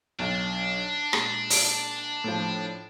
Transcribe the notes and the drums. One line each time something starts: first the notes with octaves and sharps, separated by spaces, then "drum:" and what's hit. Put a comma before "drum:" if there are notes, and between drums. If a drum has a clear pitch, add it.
B1 D4
A#2 G#3, drum: rim click
drum: open hi-hat
A2 F3